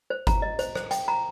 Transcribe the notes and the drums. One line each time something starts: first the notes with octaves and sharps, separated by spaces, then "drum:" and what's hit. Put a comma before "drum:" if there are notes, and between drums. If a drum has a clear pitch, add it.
C5
A#5, drum: kick G1, hi-hat
D#5
C5, drum: hi-hat
C5, drum: rim click
G5, drum: hi-hat
A#5